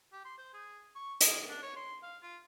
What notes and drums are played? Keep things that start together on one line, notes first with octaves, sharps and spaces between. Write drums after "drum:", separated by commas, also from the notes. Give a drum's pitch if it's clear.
G4
C6
C5
G#4
C#6
G#4, drum: hi-hat
D4
C#5
C6
F5
F4